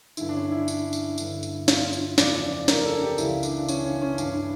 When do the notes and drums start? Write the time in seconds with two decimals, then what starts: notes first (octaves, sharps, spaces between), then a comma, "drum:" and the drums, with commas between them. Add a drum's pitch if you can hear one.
0.17 G2 D3 E4, drum: tambourine
0.29 D4
0.34 C#4
0.51 E4
0.68 drum: tambourine
0.93 drum: tambourine
1.18 G2 D3, drum: tambourine
1.43 drum: tambourine
1.68 F4, drum: snare
1.93 drum: tambourine
2.18 F2 C#3 E3 D5, drum: snare
2.35 D5
2.51 D5
2.68 A#4, drum: snare
2.85 A4
3.02 G4
3.18 C#2 C#3 E3 E4, drum: tambourine
3.43 D4, drum: tambourine
3.58 D4
3.69 C#4, drum: tambourine
3.85 C#4
4.02 C#4
4.18 G2 E3 D4, drum: tambourine